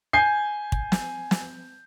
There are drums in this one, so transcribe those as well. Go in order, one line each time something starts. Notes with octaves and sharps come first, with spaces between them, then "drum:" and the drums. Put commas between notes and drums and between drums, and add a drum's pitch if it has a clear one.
G#5 G6 C7
drum: kick
drum: snare
drum: snare